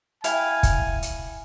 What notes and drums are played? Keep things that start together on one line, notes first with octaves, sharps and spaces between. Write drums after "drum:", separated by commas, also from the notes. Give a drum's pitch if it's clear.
E4 F5 G5 G#5, drum: hi-hat
drum: kick, hi-hat
drum: hi-hat